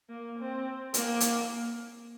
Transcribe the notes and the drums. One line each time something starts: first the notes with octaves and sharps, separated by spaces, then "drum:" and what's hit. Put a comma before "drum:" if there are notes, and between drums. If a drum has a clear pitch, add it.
A#3
C4
A#3, drum: hi-hat
drum: hi-hat